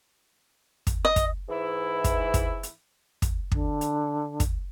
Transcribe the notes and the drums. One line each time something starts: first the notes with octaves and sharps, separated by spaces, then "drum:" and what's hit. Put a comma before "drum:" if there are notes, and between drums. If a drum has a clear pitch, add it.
drum: kick, hi-hat
D#5
drum: kick, hi-hat
G#2 E3 E4
drum: kick, hi-hat
drum: kick, hi-hat
drum: hi-hat
drum: kick, hi-hat
D3, drum: kick
drum: hi-hat
drum: kick, hi-hat